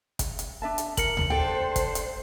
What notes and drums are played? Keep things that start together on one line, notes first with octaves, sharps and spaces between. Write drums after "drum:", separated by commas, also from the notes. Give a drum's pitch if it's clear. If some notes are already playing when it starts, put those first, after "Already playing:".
drum: kick, hi-hat
drum: hi-hat
D4 E5 A5
drum: hi-hat
A#4 C#7 F#7, drum: kick, hi-hat
drum: tom D2
D4 A4 C5 G5
drum: kick, hi-hat
drum: hi-hat